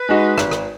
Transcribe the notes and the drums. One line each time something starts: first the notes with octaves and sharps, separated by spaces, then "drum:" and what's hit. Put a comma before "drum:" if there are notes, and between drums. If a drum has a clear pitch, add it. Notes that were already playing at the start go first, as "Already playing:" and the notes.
Already playing: B4
G#3 D#4 F#4
G#1, drum: rim click
drum: rim click